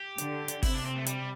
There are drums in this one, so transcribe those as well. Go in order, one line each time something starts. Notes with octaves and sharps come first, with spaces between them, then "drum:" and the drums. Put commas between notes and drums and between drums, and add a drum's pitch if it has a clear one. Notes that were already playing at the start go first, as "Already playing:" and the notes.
Already playing: G4
D3, drum: hi-hat
drum: hi-hat
C3 E4, drum: kick G#1, open hi-hat
D4
C4
A3
G3, drum: hi-hat